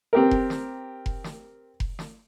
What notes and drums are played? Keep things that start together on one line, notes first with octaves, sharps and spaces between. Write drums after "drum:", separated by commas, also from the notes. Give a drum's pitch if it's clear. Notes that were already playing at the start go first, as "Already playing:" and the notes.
C4 G4 A#4
drum: kick F1
drum: snare
drum: kick F1
drum: snare
drum: kick F1
drum: snare